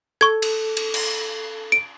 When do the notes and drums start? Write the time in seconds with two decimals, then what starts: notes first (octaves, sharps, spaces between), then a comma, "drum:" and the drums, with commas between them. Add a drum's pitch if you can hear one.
0.21 A4 C#6 G#6
0.42 drum: cymbal
0.77 drum: cymbal
0.94 drum: cymbal
1.72 D7